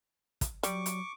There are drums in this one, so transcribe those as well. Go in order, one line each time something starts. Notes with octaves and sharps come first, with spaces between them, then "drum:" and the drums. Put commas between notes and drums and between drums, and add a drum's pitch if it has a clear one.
drum: kick, hi-hat
F#3 G3 C#6 D6, drum: hi-hat
drum: hi-hat